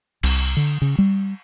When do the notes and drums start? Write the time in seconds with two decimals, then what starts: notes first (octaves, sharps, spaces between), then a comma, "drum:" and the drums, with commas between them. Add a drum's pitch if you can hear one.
0.23 C2, drum: cymbal
0.57 D3
0.82 C#3
0.98 G3